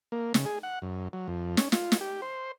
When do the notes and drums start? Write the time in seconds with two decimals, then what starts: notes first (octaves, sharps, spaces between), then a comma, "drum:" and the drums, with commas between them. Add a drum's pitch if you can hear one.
0.12 A#3
0.34 C#3, drum: snare
0.46 G#4
0.63 F#5
0.82 F#2
1.13 F#3
1.28 F2
1.57 C#4, drum: snare
1.72 F4, drum: snare
1.92 drum: snare
2.01 G4
2.22 C5